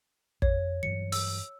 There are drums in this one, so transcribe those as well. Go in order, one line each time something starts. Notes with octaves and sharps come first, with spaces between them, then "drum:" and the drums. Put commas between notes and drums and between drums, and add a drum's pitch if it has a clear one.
F2 C#5, drum: kick
G2 E3 F#3 C#7
E6, drum: open hi-hat